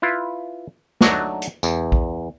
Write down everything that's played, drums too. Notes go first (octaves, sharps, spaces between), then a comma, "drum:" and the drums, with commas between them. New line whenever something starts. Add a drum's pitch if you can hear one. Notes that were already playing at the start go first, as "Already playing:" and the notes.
E4 F4 B4
F#3 A3 D4 D#4 F#4, drum: snare
drum: hi-hat
E2, drum: tambourine
drum: kick A#1